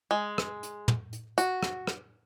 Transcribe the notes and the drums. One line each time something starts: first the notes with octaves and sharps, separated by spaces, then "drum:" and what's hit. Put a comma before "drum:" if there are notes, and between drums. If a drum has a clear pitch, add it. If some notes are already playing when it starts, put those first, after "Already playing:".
G#3
drum: rim click
drum: hi-hat
drum: tom
drum: hi-hat
F#4, drum: hi-hat
drum: rim click
drum: rim click